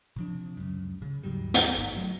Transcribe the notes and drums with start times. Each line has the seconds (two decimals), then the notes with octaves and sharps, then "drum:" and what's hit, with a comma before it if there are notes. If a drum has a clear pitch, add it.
0.16 C3 F3 D4
0.57 C#2 F#2
1.02 C#3
1.23 D#2 G#2 F#3 G3
1.54 drum: hi-hat
1.77 G1 G#2
1.96 F#3 A3